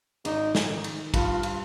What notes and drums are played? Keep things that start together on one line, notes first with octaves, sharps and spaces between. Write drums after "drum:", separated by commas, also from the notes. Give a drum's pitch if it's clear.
G#1 D#4, drum: cymbal
drum: snare
D#3
drum: cymbal
G2 F4, drum: kick, cymbal
drum: cymbal